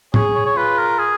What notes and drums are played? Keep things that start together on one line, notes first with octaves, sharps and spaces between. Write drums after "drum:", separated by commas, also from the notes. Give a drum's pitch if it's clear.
G#4 C#5, drum: tom
C#5
C#5
F4 B4
A#4
G#4